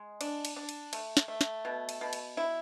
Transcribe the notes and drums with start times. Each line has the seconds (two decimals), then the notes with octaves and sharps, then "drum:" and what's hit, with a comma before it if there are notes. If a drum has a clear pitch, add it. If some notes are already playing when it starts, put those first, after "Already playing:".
Already playing: G#3
0.21 D4, drum: cymbal
0.45 drum: cymbal
0.56 D4
0.69 drum: cymbal
0.93 A3, drum: cymbal
1.17 drum: snare
1.28 A3
1.41 drum: snare
1.65 B2
1.89 drum: cymbal
2.01 B2
2.13 drum: cymbal
2.37 E4